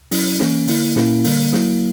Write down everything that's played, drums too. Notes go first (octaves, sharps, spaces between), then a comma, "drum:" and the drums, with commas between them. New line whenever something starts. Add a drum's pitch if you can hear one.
F#3 C#4 E4, drum: open hi-hat
E3 A#3 C#4, drum: snare
D3 A#3 E4, drum: open hi-hat
A#2 A#3 C#4 E4, drum: snare
D3 G3 A#3, drum: open hi-hat
F#3 A#3 E4, drum: snare